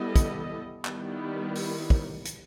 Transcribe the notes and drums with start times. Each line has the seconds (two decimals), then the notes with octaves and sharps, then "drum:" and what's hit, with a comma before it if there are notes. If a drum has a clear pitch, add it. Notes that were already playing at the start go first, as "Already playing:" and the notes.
Already playing: G3 B3 E4 A4 D#5
0.16 drum: kick, hi-hat
0.85 D#3 G3 B3 E4, drum: clap
1.55 drum: open hi-hat
1.90 drum: kick
2.25 drum: hi-hat